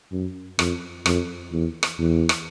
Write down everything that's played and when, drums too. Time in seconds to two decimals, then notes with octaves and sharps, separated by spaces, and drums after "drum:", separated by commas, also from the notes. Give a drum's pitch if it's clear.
0.12 F#2
0.59 F2, drum: rim click
1.06 F2, drum: rim click
1.52 E2
1.83 drum: rim click
1.99 E2
2.29 drum: rim click